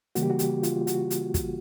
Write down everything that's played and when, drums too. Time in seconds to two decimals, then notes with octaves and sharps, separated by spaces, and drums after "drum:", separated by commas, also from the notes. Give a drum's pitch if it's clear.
0.15 C#3 E3 G3 A#3 F#4, drum: hi-hat
0.22 G4
0.30 F#4
0.39 G4, drum: hi-hat
0.63 F4, drum: hi-hat
0.87 F#4, drum: hi-hat
1.11 drum: hi-hat
1.34 drum: kick, hi-hat